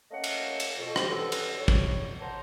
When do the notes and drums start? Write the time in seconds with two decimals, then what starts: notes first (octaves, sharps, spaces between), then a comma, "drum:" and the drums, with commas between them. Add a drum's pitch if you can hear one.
0.11 A3 A#3 C#4 D#5 F5 F#5
0.24 drum: cymbal
0.60 drum: cymbal
0.77 F2 B2
0.96 C4 G4 C5, drum: rim click
1.09 G2 B3 C#4 A4
1.32 drum: cymbal
1.59 G2 C#5
1.68 drum: kick
2.20 A#4 C5 C#5 F#5 A5 A#5